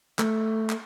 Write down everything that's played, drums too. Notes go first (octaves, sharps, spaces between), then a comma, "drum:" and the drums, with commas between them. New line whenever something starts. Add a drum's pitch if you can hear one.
A3, drum: clap
drum: clap